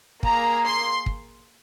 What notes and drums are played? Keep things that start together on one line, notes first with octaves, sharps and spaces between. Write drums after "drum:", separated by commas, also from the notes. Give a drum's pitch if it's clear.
A#3 G#4 A#5, drum: kick
C6
drum: kick